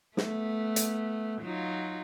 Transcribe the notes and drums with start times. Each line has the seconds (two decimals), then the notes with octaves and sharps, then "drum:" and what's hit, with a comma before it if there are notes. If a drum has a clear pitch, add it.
0.17 A3 B3, drum: snare
0.76 drum: hi-hat
1.42 F#3 D#4 F4